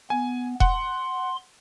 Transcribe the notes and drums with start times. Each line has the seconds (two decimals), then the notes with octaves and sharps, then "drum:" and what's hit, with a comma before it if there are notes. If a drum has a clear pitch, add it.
0.10 B3 G#5
0.60 F#5 C6, drum: kick E1